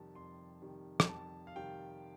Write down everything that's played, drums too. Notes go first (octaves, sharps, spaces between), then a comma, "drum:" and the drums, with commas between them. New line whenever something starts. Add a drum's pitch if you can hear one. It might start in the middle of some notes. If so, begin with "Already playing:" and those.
Already playing: F2 C3 D#3 G3 A5
F2 C6
C3 D#3 G3
drum: rim click
F2 A5
F5
C3 D#3 G3 G5